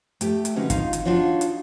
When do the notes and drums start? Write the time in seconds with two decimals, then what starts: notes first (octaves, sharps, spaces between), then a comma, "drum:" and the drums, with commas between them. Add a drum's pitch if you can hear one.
0.21 A3 G4, drum: hi-hat
0.45 drum: hi-hat
0.56 D3 G#3 C#4 D#4 F#4 B4
0.70 D#3 D#4 F4 F5, drum: kick G1, hi-hat
0.93 drum: hi-hat
1.05 D4 D#4 F4 F#4 C#5
1.41 drum: hi-hat